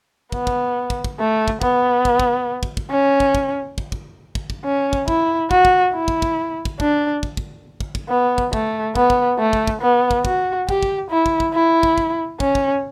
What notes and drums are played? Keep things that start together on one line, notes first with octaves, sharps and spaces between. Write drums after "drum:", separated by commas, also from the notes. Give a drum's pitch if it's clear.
B3, drum: kick
drum: kick
drum: kick
drum: kick
A3
drum: kick
B3, drum: kick
drum: kick
drum: kick
drum: kick
drum: kick
C#4
drum: kick
drum: kick
drum: kick
drum: kick
drum: kick
drum: kick
C#4
drum: kick
E4, drum: kick
F#4, drum: kick
drum: kick
E4
drum: kick
drum: kick
drum: kick
D4, drum: kick
drum: kick
drum: kick
drum: kick
drum: kick
B3
drum: kick
A3, drum: kick
B3, drum: kick
drum: kick
A3
drum: kick
drum: kick
B3
drum: kick
F#4, drum: kick
G4, drum: kick
drum: kick
E4
drum: kick
drum: kick
E4
drum: kick
drum: kick
C#4, drum: kick
drum: kick